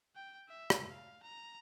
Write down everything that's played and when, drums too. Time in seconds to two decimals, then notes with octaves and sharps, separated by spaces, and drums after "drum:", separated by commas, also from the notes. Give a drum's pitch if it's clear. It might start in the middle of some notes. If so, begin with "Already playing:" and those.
0.16 G5
0.49 E5
0.70 drum: rim click
0.90 F5
1.23 A#5